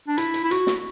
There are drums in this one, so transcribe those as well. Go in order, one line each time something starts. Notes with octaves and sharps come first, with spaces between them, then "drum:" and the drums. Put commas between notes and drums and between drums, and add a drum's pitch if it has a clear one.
D4
E4, drum: hi-hat
drum: hi-hat
E4
F#4, drum: hi-hat
drum: snare